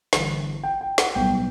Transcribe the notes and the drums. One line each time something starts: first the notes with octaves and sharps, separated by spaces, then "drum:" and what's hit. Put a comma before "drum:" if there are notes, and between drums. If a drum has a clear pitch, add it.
G1 G2 E3, drum: snare
G5
G5
F#5, drum: snare
B1 A2 G3 B3 G5